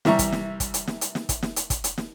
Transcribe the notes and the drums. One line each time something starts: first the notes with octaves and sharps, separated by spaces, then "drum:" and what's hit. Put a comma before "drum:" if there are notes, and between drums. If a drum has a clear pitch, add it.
C3 E3 G3 E5 A#5 C#6, drum: snare
drum: kick, hi-hat
drum: snare
drum: kick, hi-hat
drum: hi-hat
drum: snare
drum: hi-hat
drum: snare
drum: kick, hi-hat
drum: snare
drum: hi-hat
drum: kick, hi-hat
drum: hi-hat
drum: snare